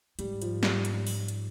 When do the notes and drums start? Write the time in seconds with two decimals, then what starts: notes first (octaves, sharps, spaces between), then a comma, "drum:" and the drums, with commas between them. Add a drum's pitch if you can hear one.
0.19 G#2 G3, drum: hi-hat
0.42 F3, drum: hi-hat
0.63 G3, drum: snare
0.85 drum: hi-hat
1.07 drum: open hi-hat
1.28 drum: hi-hat